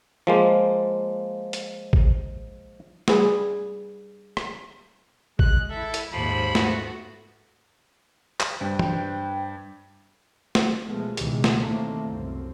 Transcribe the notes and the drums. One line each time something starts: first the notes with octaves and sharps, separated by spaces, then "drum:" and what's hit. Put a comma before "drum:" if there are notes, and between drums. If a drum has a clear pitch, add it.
F3 G#3 A#3
drum: hi-hat
drum: kick A1
G3 G#4 B4, drum: snare
drum: rim click
G#3 F#6, drum: kick A1
E4 A4 E5
drum: hi-hat
D#2 G#2 F3 B5
A3 B3 F#4, drum: snare
drum: clap
G2 B4 C5 G5
drum: tom
drum: snare
B2 F3 G#3 A3 B3
C#2 B2 D#3 E3 G3 G#3, drum: hi-hat
drum: snare
A2 D#3 A3 A#3 C4
C2 F#2 C4